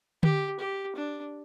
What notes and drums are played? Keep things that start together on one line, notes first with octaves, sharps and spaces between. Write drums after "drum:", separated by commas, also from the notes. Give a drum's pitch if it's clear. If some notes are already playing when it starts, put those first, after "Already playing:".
G4, drum: tom D3
G4
D4